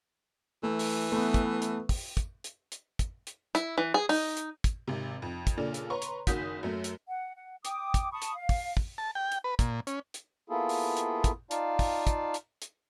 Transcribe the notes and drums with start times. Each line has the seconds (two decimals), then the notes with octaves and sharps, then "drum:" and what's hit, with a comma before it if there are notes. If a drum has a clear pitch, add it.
0.63 E3 A3
0.79 drum: open hi-hat
1.12 A3 B3
1.34 drum: kick, hi-hat
1.62 drum: hi-hat
1.89 drum: kick, open hi-hat
2.17 drum: kick, hi-hat
2.44 drum: hi-hat
2.72 drum: hi-hat
2.99 drum: kick, hi-hat
3.27 drum: hi-hat
3.55 E4, drum: hi-hat
3.78 E3
3.94 G#4
4.09 D#4, drum: open hi-hat
4.37 drum: hi-hat
4.64 drum: kick, hi-hat
4.88 G#1 C3
5.22 F2
5.47 drum: kick, hi-hat
5.57 A#2 C#3 D4 A4
5.74 drum: hi-hat
5.90 B4 C#5 A#5 C6 C#6
6.02 drum: hi-hat
6.27 F#1 D#3 F#4 D#6 G6 B6, drum: kick, hi-hat
6.63 F#2 F#3 A3
6.84 drum: hi-hat
7.07 F#5
7.35 F#5
7.65 G5 D6 D#6, drum: hi-hat
7.94 drum: kick, hi-hat
8.12 A5 B5 C#6 D#6
8.22 drum: hi-hat
8.35 F5
8.49 drum: kick, open hi-hat
8.77 drum: kick
8.98 A5
9.15 G5
9.32 drum: hi-hat
9.44 B4
9.59 A#2, drum: kick, hi-hat
9.87 C#4, drum: hi-hat
10.14 drum: hi-hat
10.50 A#3 B3 E4 F4 G#4 A4
10.69 drum: open hi-hat
10.97 drum: hi-hat
11.24 drum: kick, hi-hat
11.51 D#4 F4 D5 F5 A5, drum: hi-hat
11.79 drum: kick, open hi-hat
12.07 drum: kick, hi-hat
12.34 drum: hi-hat
12.62 drum: hi-hat